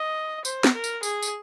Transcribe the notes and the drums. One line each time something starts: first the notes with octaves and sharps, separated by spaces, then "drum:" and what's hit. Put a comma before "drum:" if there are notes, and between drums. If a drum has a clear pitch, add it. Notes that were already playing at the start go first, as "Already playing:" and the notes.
Already playing: D#5
C5, drum: tambourine
drum: snare
A#4
drum: tambourine
G#4, drum: tambourine
drum: tambourine